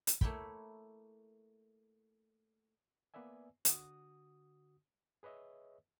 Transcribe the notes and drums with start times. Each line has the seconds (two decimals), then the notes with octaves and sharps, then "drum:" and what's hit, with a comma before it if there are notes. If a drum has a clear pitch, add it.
0.07 drum: hi-hat
0.21 A3 A#3 E4 C#5 G5 B5, drum: kick
3.14 A#3 B3 B4 D5 E5 G#5
3.65 D3 F#4 D#6, drum: hi-hat
5.23 G#4 B4 C#5 D#5 E5